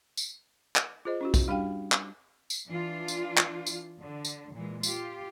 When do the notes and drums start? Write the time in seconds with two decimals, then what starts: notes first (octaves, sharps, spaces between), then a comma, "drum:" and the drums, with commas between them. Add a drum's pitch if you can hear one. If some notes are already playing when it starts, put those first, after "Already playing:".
0.17 drum: tambourine
0.76 drum: clap
1.05 F4 G#4 C5 D#5
1.21 C#4 E4 F#4
1.34 drum: kick B1, tambourine
1.48 G3 D4 G4 F5 G5
1.92 drum: clap
2.50 drum: tambourine
2.68 E3 D4 F4
3.08 drum: tambourine
3.37 drum: clap
3.66 drum: tambourine
4.02 D3
4.25 drum: tambourine
4.54 A#2 E3 G#3
4.83 F4 G4, drum: tambourine